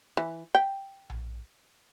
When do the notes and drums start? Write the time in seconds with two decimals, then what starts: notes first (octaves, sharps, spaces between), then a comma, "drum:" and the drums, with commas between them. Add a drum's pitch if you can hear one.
0.17 E3
0.55 G5
1.10 drum: tom A#1